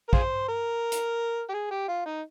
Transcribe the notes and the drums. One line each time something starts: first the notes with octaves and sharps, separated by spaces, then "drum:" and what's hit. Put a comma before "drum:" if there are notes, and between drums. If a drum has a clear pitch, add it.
A#4
F4 G#4 C5, drum: kick
A#4
drum: hi-hat
G4
G#4
G4
F4
D#4